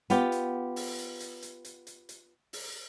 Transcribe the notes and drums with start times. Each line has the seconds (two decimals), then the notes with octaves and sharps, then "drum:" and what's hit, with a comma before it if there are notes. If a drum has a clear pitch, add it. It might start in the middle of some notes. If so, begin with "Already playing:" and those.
0.10 B3 F4 G4, drum: hi-hat
0.32 drum: hi-hat
0.76 drum: open hi-hat
0.98 drum: hi-hat
1.20 drum: hi-hat
1.42 drum: hi-hat
1.65 drum: hi-hat
1.87 drum: hi-hat
2.09 drum: hi-hat
2.53 drum: open hi-hat